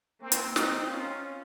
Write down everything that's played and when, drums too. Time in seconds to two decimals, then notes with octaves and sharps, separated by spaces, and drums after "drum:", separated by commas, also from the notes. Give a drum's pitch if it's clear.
0.21 A#3 C4
0.32 drum: hi-hat
0.56 C4 D#4, drum: snare
0.90 C#4 F4